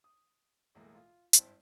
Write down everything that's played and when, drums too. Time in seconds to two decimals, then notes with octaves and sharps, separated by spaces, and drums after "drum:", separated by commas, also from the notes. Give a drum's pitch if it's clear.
0.04 D#6
0.75 B1 A2 E3 G#3 A#3
0.95 F4
1.33 G#1 G2 C4 E4 C5 A5, drum: hi-hat